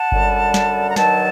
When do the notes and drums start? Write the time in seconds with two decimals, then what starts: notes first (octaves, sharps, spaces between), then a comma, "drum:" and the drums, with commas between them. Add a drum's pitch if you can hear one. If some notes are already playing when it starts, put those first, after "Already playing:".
Already playing: F#5 A5
0.12 F#2 D3 G3, drum: kick G1
0.54 drum: snare
0.91 A#5
0.96 G2 D#3 F#3 F#5 A5, drum: snare